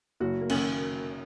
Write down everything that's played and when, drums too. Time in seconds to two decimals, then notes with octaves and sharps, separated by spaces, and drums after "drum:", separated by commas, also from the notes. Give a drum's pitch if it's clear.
0.20 F#1 F#4
0.41 A#3
0.49 F#2 D#3 C#4, drum: cymbal